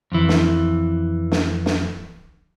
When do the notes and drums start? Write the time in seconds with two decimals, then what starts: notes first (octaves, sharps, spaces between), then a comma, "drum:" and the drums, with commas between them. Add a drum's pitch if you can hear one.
0.12 F2 E3
0.29 drum: snare
1.32 drum: snare
1.66 drum: snare